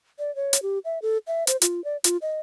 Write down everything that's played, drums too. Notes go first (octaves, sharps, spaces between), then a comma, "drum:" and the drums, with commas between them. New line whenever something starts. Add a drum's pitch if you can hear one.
D5
C#5
drum: hi-hat
G4
E5
A4
E5
C5, drum: hi-hat
F4, drum: hi-hat
D5
F4, drum: hi-hat
D#5